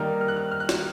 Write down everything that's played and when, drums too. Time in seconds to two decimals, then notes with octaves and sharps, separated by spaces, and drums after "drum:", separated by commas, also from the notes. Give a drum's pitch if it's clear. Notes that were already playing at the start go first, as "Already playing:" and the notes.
Already playing: D#3 G3 A#3 D#4 F6
0.21 F6
0.28 F#6
0.37 F6
0.51 F6
0.60 F#6
0.69 F6, drum: snare